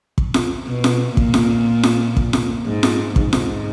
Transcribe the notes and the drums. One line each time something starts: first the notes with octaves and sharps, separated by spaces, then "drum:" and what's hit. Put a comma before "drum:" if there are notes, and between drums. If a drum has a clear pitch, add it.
drum: kick
drum: snare F4
B2
drum: snare F4
A#2, drum: kick
drum: snare F4
drum: snare F4
drum: kick
drum: snare F4
G#2
drum: snare F4
G#2, drum: kick
drum: snare F4